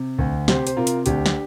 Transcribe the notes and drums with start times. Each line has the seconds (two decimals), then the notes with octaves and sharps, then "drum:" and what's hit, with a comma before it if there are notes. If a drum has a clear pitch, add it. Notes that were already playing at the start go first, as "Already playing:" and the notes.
Already playing: C3
0.18 D2
0.48 C3 G4 C5, drum: snare
0.67 C5, drum: hi-hat
0.77 C3 F4 A#4
0.87 drum: hi-hat
1.06 D2 D4 G4, drum: hi-hat
1.26 drum: snare